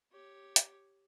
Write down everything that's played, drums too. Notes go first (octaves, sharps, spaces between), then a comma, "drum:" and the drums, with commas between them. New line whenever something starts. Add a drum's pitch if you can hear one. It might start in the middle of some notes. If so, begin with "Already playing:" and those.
G4 C#5
drum: hi-hat